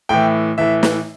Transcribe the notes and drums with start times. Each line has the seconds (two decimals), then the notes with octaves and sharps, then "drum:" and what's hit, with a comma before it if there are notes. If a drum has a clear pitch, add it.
0.09 A2 E3 G5
0.58 A2 E3 E5
0.83 drum: snare